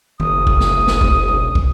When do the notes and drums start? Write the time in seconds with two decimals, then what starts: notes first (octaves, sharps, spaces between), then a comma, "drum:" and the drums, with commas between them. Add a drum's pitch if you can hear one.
0.20 F#1 D#6, drum: tom D#3
0.47 drum: kick
0.60 drum: snare
0.88 drum: snare
1.01 drum: kick
1.28 drum: tom B2
1.55 drum: kick